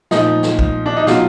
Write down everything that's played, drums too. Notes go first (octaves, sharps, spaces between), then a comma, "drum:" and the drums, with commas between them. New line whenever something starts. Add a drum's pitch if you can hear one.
A#2 F3 D#4, drum: snare
drum: snare
drum: kick B1
D4
D#4
B2 F#3 F4, drum: snare